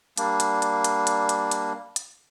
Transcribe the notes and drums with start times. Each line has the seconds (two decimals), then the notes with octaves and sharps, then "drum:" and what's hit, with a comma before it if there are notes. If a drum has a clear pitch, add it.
0.17 G3 A#3 D4, drum: hi-hat
0.40 drum: hi-hat
0.62 drum: hi-hat
0.84 drum: hi-hat
1.07 drum: hi-hat
1.29 drum: hi-hat
1.51 drum: hi-hat
1.96 drum: hi-hat